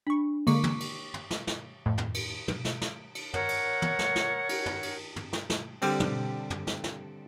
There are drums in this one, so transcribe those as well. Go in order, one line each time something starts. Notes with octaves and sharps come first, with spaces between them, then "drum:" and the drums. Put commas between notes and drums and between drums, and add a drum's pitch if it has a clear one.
D4 B5 C#6
D3 G#3 A#3 C#6 D6, drum: cymbal
drum: tom
drum: cymbal
drum: tom
drum: snare
drum: snare
F2 A2
drum: tom
drum: cymbal
drum: tom
drum: snare
drum: snare
drum: cymbal
A#4 C#5 F#5, drum: tom
drum: cymbal
drum: tom
drum: snare
drum: snare
drum: cymbal
drum: tom
drum: cymbal
drum: tom
drum: snare
drum: snare
D3 G3 C4, drum: cymbal
drum: tom
drum: tom
drum: snare
drum: snare